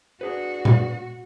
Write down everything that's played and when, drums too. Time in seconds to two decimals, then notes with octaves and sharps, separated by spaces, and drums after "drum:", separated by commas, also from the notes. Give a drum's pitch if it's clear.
0.21 D4 F#4 G#4 B4
0.65 drum: tom